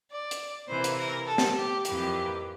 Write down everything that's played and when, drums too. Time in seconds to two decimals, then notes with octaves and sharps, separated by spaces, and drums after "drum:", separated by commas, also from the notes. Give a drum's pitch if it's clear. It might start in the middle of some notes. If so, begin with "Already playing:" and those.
0.10 D5
0.31 drum: hi-hat
0.68 C3 E3 A#3 C5
0.84 drum: hi-hat
0.98 A#4
1.27 A4
1.38 drum: snare
1.56 G4
1.85 F2 E3 A#3 G4, drum: hi-hat